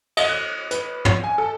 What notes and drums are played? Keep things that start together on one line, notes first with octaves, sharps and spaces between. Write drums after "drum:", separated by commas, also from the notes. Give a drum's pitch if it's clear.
D#5, drum: cymbal
F#6
B4, drum: hi-hat
C#5, drum: tom
G#5
A4